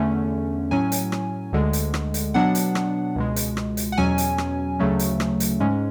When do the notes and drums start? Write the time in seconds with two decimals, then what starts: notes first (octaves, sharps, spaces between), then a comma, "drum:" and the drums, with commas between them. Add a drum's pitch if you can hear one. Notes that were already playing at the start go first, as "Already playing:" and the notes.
Already playing: E2 D3 A3 C#4
0.71 A2 F#3 C#4 G#5
0.92 drum: hi-hat
1.12 drum: rim click
1.53 D2 D3 G#3
1.73 drum: hi-hat
1.94 drum: rim click
2.14 drum: hi-hat
2.34 B2 F#3 B3 D4 F#5
2.55 drum: hi-hat
2.75 drum: rim click
3.16 C#2 B2 G#3
3.36 drum: hi-hat
3.57 drum: rim click
3.77 drum: hi-hat
3.92 F#5
3.98 E2 B2 F#3 C#4 G#5
4.18 drum: hi-hat
4.38 drum: rim click
4.79 D2 C#3 F#3 A3 C#4
4.99 drum: hi-hat
5.20 drum: rim click
5.40 drum: hi-hat
5.60 G#2 G#3 C#4